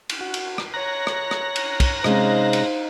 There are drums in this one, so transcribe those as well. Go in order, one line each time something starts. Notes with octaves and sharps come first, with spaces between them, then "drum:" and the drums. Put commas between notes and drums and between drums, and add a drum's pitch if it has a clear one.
drum: cymbal
F#4
drum: cymbal
drum: rim click
C#5 A#5 F#6 A#6
drum: rim click
drum: rim click
drum: cymbal
drum: kick, cymbal
C3 G#3 C#4 D#4 C5 F5, drum: rim click
drum: cymbal